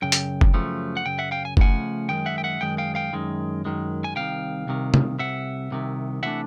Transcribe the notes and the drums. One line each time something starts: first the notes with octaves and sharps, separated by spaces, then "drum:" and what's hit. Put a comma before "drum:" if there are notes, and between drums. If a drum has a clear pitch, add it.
F#2 C#3 G5
drum: hi-hat
drum: kick F#1
F#2 C#3 F3 A3
F#5
F#2 C#3 G5
E5 F#5
F5 G5
G#5
F#2 C#3 F3 A3 F#5 G#5, drum: kick F#1
F#2 D#3 G#3 G5
E5 F#5
G5
E5 F#5
F#2 D#3 G#3 G5
F5 G5
F5 G5
F#2 D#3 G#3
F#2 D#3 G#3
G#5
C2 C3 D#3 F5 G5
C2 C3 D#3
drum: tom
C2 C3 E5 F#5
C2 C3 D#3
C3 E3 A3 D4 E5 F#5